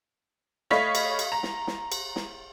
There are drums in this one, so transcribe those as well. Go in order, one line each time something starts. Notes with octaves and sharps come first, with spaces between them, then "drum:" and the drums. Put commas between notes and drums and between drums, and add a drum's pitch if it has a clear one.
A3 C#5 D#5 F5 B5 B6, drum: snare
drum: cymbal
drum: cymbal
A#5
drum: snare
drum: snare
drum: cymbal
drum: snare